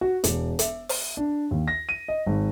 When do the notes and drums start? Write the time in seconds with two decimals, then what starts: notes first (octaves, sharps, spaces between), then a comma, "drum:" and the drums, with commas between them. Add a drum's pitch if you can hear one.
0.01 F#4
0.24 E1, drum: hi-hat
0.59 E5, drum: hi-hat
0.89 drum: open hi-hat
1.17 D4
1.51 D#2
1.68 A#6
1.89 D#7
2.08 D#5
2.26 G#1